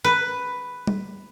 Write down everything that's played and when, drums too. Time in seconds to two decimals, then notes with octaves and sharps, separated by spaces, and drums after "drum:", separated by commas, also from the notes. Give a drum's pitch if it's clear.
0.04 B4
0.87 drum: tom G3